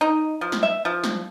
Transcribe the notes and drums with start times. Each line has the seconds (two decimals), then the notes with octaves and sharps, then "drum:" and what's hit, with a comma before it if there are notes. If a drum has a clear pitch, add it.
0.01 D#4
0.41 F3
0.52 drum: snare
0.63 E5
0.85 F3
1.04 drum: snare